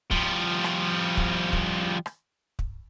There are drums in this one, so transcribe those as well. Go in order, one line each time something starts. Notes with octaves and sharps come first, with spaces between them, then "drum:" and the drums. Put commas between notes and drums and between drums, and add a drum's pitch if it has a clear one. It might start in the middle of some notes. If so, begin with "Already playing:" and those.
F3 G3, drum: kick
drum: rim click
drum: kick
drum: kick
drum: rim click
drum: kick